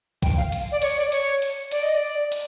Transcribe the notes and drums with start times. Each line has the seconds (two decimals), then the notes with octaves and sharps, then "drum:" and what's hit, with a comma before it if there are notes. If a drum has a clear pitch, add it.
0.22 G5, drum: kick B1, hi-hat
0.37 F5
0.52 drum: hi-hat
0.72 D5
0.82 C#5, drum: hi-hat
0.97 D5
1.12 C#5, drum: hi-hat
1.42 drum: hi-hat
1.71 D5, drum: hi-hat
1.83 D#5
1.94 D5
2.32 drum: hi-hat